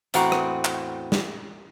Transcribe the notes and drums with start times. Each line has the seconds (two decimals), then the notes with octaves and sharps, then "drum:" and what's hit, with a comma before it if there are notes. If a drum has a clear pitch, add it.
0.14 E2 A2 C4 F#4 A#5, drum: hi-hat
0.32 drum: rim click
0.65 drum: clap
1.12 drum: snare